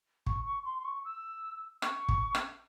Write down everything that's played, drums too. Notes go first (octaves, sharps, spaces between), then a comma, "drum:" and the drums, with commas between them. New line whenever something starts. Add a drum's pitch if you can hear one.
C#6, drum: kick
C#6
C6
C6
C#6
E6
C#6, drum: rim click
drum: kick
drum: rim click